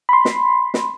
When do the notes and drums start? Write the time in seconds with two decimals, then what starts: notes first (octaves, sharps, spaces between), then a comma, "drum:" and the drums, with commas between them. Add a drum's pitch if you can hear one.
0.09 B5 C6
0.25 drum: snare
0.74 drum: snare